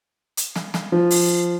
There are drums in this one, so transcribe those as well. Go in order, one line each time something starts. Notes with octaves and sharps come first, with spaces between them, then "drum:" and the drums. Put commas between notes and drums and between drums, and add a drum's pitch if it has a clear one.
drum: hi-hat
drum: snare
drum: snare
F3
drum: open hi-hat